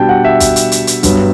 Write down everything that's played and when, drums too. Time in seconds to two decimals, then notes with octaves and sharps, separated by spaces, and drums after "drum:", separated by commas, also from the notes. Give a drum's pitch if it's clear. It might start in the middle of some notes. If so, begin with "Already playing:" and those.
Already playing: B2 G3 D4 G5 A5
0.09 F#5
0.25 E5
0.40 drum: kick, hi-hat
0.56 drum: hi-hat
0.72 drum: hi-hat
0.87 drum: hi-hat
1.03 G2 F#3 B3, drum: kick, hi-hat